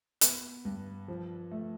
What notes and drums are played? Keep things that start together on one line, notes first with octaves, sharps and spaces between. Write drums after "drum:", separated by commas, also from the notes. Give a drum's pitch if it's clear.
B3, drum: hi-hat
G2
F3
A3